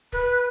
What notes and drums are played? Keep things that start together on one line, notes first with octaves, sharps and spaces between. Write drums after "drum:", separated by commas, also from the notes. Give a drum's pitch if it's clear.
B4, drum: kick